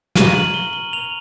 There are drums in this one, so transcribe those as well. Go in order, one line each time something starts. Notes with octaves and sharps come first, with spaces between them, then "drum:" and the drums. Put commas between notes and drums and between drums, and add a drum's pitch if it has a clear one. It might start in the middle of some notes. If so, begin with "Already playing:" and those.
A#5 C#6 F6 D#7, drum: snare
F#7
G7
G7
F7